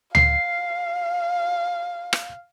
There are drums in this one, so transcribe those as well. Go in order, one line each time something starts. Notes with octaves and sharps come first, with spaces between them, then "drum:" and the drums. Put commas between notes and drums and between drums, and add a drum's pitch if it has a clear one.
F5 C7, drum: tom C#2
drum: rim click